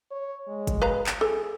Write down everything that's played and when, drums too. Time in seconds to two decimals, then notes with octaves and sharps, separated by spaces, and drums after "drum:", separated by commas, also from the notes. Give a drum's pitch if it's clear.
0.11 C#5
0.48 G#3
0.67 drum: kick, hi-hat
0.82 B4 F5 A#5
1.06 drum: clap
1.21 G#4 A4